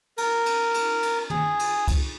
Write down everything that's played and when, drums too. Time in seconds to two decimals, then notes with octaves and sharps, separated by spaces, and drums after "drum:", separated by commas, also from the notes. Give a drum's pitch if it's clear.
0.17 A#4, drum: cymbal
0.46 drum: cymbal
0.74 drum: cymbal
1.03 drum: cymbal
1.30 G#4, drum: tom
1.59 drum: cymbal
1.88 drum: kick, cymbal